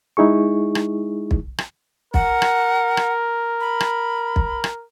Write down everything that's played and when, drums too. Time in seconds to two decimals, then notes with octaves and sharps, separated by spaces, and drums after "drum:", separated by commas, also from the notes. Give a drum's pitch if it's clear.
0.17 G#3 D#4 E4 G#4 C#6
0.75 drum: rim click
1.31 drum: kick
1.58 drum: rim click
2.14 A#4 F#5, drum: kick
2.42 drum: rim click
2.97 drum: rim click
3.60 B5
3.80 drum: rim click
4.36 drum: kick
4.64 drum: rim click